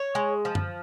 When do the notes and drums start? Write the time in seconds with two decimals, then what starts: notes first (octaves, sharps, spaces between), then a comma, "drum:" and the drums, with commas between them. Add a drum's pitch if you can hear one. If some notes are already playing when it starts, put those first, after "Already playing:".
Already playing: C#5
0.15 G#3
0.45 F3
0.55 drum: tom F#2